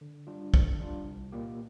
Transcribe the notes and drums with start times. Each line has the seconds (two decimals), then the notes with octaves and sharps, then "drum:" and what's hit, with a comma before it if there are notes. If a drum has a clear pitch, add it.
0.01 D3
0.27 G3 D4 F4
0.54 D3, drum: kick
0.80 G3 D4 F4
1.06 C2
1.32 A#2 A#3 G4